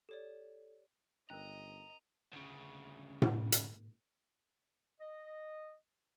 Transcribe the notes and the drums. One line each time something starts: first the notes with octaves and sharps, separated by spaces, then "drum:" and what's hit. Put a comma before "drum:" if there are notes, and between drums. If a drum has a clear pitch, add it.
G4 A4 C#5 D5
G1 C#4 A#4 D#5 A#5
D2 C#3
drum: tom A2
drum: hi-hat
D#5